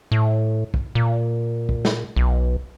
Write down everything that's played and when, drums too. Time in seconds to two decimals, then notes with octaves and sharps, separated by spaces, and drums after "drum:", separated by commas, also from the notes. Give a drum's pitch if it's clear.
0.12 A2
0.74 drum: kick
0.95 A#2
1.69 drum: kick
1.85 drum: snare
2.16 B1